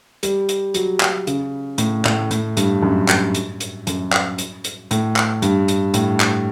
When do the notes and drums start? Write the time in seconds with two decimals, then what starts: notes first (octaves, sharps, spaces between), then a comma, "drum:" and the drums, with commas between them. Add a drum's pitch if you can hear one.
0.23 G3, drum: hi-hat
0.49 drum: hi-hat
0.74 F#3, drum: hi-hat
1.00 F#3, drum: clap
1.27 C#3, drum: hi-hat
1.78 A2, drum: hi-hat
2.05 A2, drum: clap
2.31 A2, drum: hi-hat
2.57 G2, drum: hi-hat
2.83 F#2
3.08 drum: clap
3.34 drum: hi-hat
3.60 drum: hi-hat
3.87 F#2, drum: hi-hat
4.12 drum: clap
4.38 drum: hi-hat
4.64 drum: hi-hat
4.91 A2, drum: hi-hat
5.16 drum: clap
5.42 G2, drum: hi-hat
5.68 drum: hi-hat
5.94 A2, drum: hi-hat
6.20 drum: clap